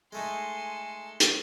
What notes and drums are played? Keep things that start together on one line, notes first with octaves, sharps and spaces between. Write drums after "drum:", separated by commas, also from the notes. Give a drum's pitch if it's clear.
G#3 A3 D#4 A4 G#5 C6
drum: hi-hat